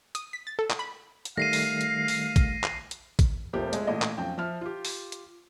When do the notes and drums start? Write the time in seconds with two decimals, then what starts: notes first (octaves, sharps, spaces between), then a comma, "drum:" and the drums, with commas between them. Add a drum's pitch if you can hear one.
0.15 D#6, drum: hi-hat
0.33 B6
0.47 A6
0.59 A4
0.70 drum: clap
0.79 B5
1.25 drum: hi-hat
1.37 D#3 G3 A3 F5 A#6 C7 D#7
1.53 drum: open hi-hat
1.81 drum: hi-hat
2.08 drum: open hi-hat
2.36 drum: kick, hi-hat
2.64 drum: clap
2.91 drum: hi-hat
3.19 drum: kick, hi-hat
3.53 F1 C3 F3 A#3 G4
3.73 G#3 A3 G#4, drum: hi-hat
3.87 A1 A#2 A3 D#5
4.02 drum: clap
4.17 B1 F2 C#4 G5
4.38 F3 E5 F6
4.61 F4 G4
4.85 drum: open hi-hat
5.12 drum: hi-hat